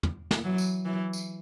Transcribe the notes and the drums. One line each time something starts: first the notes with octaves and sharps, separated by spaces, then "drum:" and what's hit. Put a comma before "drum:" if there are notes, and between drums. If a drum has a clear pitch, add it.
drum: tom
drum: snare
E3 F#3
drum: tambourine
E3 F#3
drum: tambourine